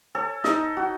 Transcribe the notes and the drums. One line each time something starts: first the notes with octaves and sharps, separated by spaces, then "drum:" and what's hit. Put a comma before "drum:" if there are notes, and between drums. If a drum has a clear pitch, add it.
A4 C#5
D#4 D#5, drum: snare
F#4